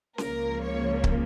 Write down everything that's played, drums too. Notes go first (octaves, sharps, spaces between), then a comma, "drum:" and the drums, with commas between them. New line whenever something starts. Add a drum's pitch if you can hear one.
C#2 C#3 F3 A#3 A#4, drum: snare C#4
C#5
drum: kick